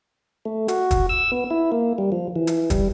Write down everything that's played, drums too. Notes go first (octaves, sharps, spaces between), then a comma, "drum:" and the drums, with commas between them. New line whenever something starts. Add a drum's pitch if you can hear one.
A3
F#4, drum: hi-hat
drum: kick, hi-hat
E6
B3
E4
A#3
G3
F3
E3
drum: hi-hat
G3, drum: kick, hi-hat